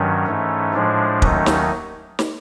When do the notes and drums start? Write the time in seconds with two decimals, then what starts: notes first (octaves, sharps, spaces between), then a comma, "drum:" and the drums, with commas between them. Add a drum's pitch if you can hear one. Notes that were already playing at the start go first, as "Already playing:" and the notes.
Already playing: G2 D#3 F#3 C#4
0.26 G#2 E3 A3
0.74 A2 F3 G#3 D4
1.22 D#2 D#3 F#3 A3 C#4 D#4, drum: kick
1.46 drum: snare
2.19 drum: snare